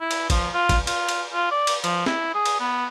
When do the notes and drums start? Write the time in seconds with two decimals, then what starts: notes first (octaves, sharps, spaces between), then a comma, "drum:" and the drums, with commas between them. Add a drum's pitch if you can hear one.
0.01 E4
0.11 drum: cymbal
0.30 F3, drum: kick, cymbal
0.54 F4
0.69 drum: kick, cymbal
0.87 F4, drum: cymbal
1.09 drum: cymbal
1.34 F4
1.51 D5
1.67 drum: cymbal
1.84 F3, drum: cymbal
2.06 E4, drum: snare
2.35 G#4
2.46 drum: cymbal
2.60 B3